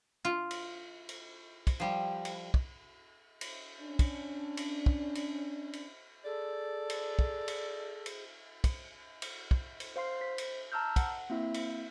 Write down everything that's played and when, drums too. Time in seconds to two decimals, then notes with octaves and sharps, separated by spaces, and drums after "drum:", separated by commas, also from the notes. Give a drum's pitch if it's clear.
0.25 F4
0.51 drum: cymbal
1.09 drum: cymbal
1.67 drum: kick, cymbal
1.80 F3 G3
2.25 drum: cymbal
2.54 drum: kick
3.41 drum: cymbal
3.81 C#4 D4
3.99 drum: kick, cymbal
4.57 drum: cymbal
4.86 drum: kick
5.15 drum: cymbal
5.73 drum: cymbal
6.25 G#4 A4 D5
6.90 drum: cymbal
7.19 drum: kick
7.48 drum: cymbal
8.06 drum: cymbal
8.64 drum: kick, cymbal
9.22 drum: cymbal
9.51 drum: kick
9.80 drum: cymbal
9.96 C5 F5 C6 C7
10.21 C5 B6
10.38 drum: cymbal
10.72 A5 A#5 E6 F6 G6
10.96 F#5, drum: kick, cymbal
11.30 A#3 C4 E4 E5
11.54 drum: cymbal